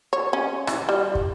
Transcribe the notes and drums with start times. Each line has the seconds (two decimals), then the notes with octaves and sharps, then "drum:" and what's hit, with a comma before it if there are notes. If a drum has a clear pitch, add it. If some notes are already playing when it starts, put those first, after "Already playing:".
0.13 C#5
0.33 C#4
0.67 E3, drum: rim click
0.89 G3
1.15 drum: kick